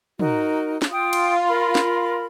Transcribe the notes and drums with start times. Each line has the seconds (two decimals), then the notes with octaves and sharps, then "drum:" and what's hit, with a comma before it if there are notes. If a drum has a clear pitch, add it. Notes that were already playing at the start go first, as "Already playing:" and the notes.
0.19 D#4 F#4 A#4, drum: tom
0.82 drum: snare
0.91 F4 G5 D#6
1.13 drum: cymbal
1.48 A#4 B5
1.75 drum: snare